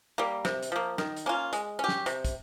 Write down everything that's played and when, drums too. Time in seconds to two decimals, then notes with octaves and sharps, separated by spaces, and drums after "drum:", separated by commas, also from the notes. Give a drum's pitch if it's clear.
0.18 G3 A#3
0.45 C3, drum: snare
0.63 drum: hi-hat
0.72 F3 A#3
0.98 D#3, drum: snare
1.17 drum: hi-hat
1.26 A#3 C#4 F4
1.53 G#3, drum: hi-hat
1.79 C#4 G4
1.89 drum: snare
2.06 C3, drum: hi-hat
2.25 drum: kick, hi-hat